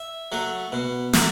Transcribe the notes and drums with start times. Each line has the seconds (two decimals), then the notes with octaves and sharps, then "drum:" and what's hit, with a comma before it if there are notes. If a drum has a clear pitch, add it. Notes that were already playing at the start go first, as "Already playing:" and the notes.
Already playing: E5
0.32 F#3 A3
0.72 B2
1.13 F#3 A3, drum: snare